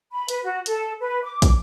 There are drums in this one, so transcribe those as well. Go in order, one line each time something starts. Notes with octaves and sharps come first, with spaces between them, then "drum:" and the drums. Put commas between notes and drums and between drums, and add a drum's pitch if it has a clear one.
B5
B4, drum: hi-hat
F#4
A4, drum: hi-hat
B4
D6
drum: kick, hi-hat